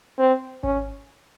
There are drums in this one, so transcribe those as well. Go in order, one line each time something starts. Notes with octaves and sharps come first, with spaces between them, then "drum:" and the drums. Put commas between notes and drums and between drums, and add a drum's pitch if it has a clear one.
C4
C#4, drum: kick G#1